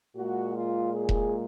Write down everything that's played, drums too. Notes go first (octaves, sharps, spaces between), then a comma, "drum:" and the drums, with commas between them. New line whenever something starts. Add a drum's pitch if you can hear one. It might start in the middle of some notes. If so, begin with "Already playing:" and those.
A#2 G#3 F#4
F4
G#4
drum: kick E1